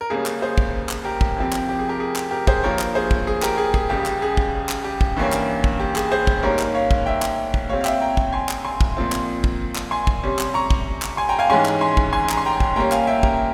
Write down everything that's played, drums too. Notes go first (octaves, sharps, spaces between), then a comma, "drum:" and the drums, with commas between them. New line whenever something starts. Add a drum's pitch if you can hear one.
A#4
C#2 C#3 G3 A#3 C#4 G#4
drum: clap
G#4 C5
drum: kick
drum: clap
G4 A#4
drum: kick
F2 C3 F3 C4
drum: clap
G4
G#4
G4 A#4
G#4
drum: clap
G4 A#4
G#4 C5, drum: kick
G2 F3 A#3 A#4 C#5
drum: clap
G#4 C5
drum: kick
G#4
G4 A#4, drum: clap
G#4
G#4, drum: kick
C#2 C#3 G3 G4
drum: clap
G#4
drum: kick
drum: clap
G4
drum: kick
G2 E3 A#3 C#4
drum: clap
drum: kick
G4
G#4, drum: clap
G#4 C5
drum: kick
G#2 G3 A#3 C#4 A#4 C#5
drum: clap
C#5 F5
drum: kick
E5 G5
drum: clap
drum: kick
A#2 G3 C4 C#5 F5
F5
E5 G5, drum: clap
G5 A#5
drum: kick
G#5 C6
drum: clap
G#5 C6
drum: kick
A#2 F3 C4
drum: clap
drum: kick
drum: clap
G#5 C6
drum: kick
C3 G3 C#4
drum: clap
A#5 C#6
drum: kick
drum: clap
G#5 C6
G5 A#5
F5 G#5
G#2 E3 G#3 C#4 G#5 C6
drum: clap
G#5 C6
drum: kick
G#5 C6
A#5, drum: clap
C6
G5 A#5
drum: kick
A#2 G3 A#3 C#4 G5 A#5
F5 G#5, drum: clap
E5 G5
G4 A#4, drum: kick